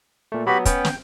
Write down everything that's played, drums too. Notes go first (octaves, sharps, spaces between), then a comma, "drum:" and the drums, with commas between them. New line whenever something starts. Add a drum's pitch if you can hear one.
A#2 A3
F#3 B3 F#4 G4 B5
B3 C#4 G5, drum: kick, hi-hat
drum: snare